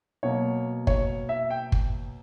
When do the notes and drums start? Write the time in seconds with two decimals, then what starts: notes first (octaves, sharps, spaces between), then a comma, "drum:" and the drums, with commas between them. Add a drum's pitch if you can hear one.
0.23 B2 F#3 A#3 C#5
0.87 C#5, drum: kick
1.29 E5
1.50 G5
1.72 drum: kick